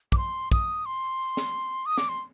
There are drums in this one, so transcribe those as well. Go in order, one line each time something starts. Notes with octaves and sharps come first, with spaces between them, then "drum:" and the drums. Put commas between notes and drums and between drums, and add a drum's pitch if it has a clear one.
D6, drum: kick
C6
D#6, drum: kick
C6
drum: snare
D#6
D6, drum: snare
C6